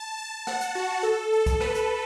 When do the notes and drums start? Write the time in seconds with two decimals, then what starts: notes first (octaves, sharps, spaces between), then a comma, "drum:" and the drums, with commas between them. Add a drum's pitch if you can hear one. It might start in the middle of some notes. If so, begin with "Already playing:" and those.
Already playing: A5
0.18 A5
0.47 F#5, drum: rim click
0.61 drum: hi-hat
0.75 F#4
1.03 A4
1.33 A4
1.46 drum: kick C2, hi-hat
1.61 B4, drum: rim click
1.75 drum: hi-hat